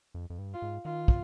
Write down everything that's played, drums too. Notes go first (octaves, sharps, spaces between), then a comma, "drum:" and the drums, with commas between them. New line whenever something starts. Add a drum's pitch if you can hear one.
F2
F2
G2
F4
G#2
D#3 F4
drum: kick